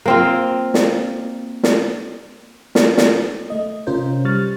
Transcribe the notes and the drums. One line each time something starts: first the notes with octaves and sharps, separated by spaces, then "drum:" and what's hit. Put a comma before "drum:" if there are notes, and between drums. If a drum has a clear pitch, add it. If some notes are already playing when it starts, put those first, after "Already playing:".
A#3 C4 F4
drum: snare
drum: snare
drum: snare
drum: snare
A3 D#5
C3 C#4 F4 A#4 C5 G6
G3 C#6 F6 A6